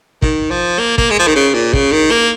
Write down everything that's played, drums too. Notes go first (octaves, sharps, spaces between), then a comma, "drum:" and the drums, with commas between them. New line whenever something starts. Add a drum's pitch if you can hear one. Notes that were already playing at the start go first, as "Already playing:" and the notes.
D#3, drum: kick
F3
A#3
A#3, drum: kick
G#3
F3
D#3
C#3
A#2
C#3, drum: kick
D#3
A#3